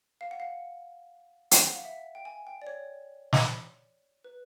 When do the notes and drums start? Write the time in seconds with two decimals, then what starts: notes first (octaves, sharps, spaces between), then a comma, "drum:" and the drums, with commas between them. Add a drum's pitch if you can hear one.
0.21 F5
0.31 F#5
0.40 F5
1.51 G5, drum: hi-hat
1.63 F#5
1.74 F5
1.85 E5
2.15 G5
2.25 G#5
2.47 G5
2.62 D5
2.67 C#5
3.33 drum: snare
4.24 B4